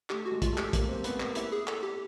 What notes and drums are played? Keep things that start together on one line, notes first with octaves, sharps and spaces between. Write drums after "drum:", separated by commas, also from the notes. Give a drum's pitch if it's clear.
A3 G4, drum: clap
F#4
G#3
F4, drum: kick, hi-hat
A3
G4, drum: clap
A#3, drum: kick, hi-hat
C4
B3, drum: hi-hat
A#3, drum: clap
E4 G4, drum: hi-hat
G#4
A4, drum: clap
G4